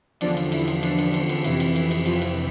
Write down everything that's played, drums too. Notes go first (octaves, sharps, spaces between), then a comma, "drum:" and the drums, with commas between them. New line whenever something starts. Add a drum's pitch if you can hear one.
E2 D3 F3 D4 D5, drum: cymbal
drum: cymbal
E4, drum: cymbal
drum: cymbal
D4, drum: cymbal
drum: cymbal
drum: cymbal
drum: cymbal
F2 C3 E3 E4, drum: cymbal
drum: cymbal
E4, drum: cymbal
drum: cymbal
F3 F4, drum: cymbal
drum: cymbal